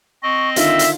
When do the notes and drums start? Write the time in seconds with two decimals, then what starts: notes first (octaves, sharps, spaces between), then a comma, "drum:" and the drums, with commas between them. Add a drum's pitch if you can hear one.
0.23 C4 D#5 C#6
0.56 D3 D#3 F4 E5, drum: hi-hat
0.79 drum: hi-hat